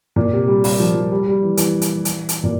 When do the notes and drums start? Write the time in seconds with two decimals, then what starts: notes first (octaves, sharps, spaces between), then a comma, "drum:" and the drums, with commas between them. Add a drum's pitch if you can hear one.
0.16 A#2
0.33 C3
0.47 G3
0.64 G3, drum: open hi-hat
0.80 F3
0.95 F3
1.11 G3
1.27 G3
1.43 E3
1.57 E3, drum: hi-hat
1.82 drum: hi-hat
2.05 drum: hi-hat
2.29 drum: hi-hat
2.44 A#2